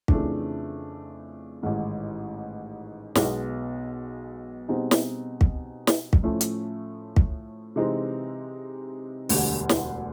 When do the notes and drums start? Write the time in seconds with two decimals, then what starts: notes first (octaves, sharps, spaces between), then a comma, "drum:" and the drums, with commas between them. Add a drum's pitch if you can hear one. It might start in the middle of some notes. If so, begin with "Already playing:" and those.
0.08 F2 C#3 E3 A3 D4, drum: kick
1.63 A1 G#2 D#3
3.15 B1 B2 G#3 B3, drum: snare
4.68 B2 G3 C4 D#4 G#4
4.91 drum: snare
5.41 drum: kick
5.87 drum: snare
6.13 drum: kick
6.23 A2 F3 A3 C#4
6.41 drum: hi-hat
7.16 drum: kick
7.76 C3 E3 G#3 C4 D#4
9.29 E1 D2 D3 G3, drum: open hi-hat
9.69 drum: snare